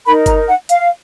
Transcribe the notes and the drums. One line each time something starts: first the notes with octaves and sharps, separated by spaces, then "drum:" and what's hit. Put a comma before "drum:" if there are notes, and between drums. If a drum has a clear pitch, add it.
D#4 A#4 B5
A#5, drum: kick G1, hi-hat
F#5
F5, drum: hi-hat